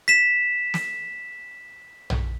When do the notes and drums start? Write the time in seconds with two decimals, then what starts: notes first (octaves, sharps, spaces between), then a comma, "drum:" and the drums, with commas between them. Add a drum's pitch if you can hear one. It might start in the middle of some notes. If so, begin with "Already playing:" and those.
0.08 B6 E7
0.74 drum: snare
2.10 drum: tom A#1